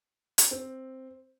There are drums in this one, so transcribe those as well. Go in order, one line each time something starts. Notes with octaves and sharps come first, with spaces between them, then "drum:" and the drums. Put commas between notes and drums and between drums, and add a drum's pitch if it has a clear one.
drum: hi-hat
C4